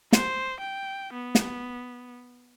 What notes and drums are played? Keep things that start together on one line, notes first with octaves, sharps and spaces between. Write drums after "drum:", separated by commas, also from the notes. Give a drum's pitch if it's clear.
C5, drum: snare
G5
B3
drum: snare